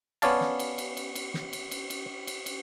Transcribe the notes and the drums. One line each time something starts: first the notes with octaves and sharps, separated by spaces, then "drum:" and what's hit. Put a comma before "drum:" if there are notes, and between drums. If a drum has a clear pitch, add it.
B3 C#4 C#5 D5 F5 A5, drum: cymbal
drum: snare
drum: cymbal
drum: cymbal
drum: cymbal
drum: cymbal
drum: snare
drum: cymbal
drum: cymbal
drum: cymbal
drum: cymbal
drum: cymbal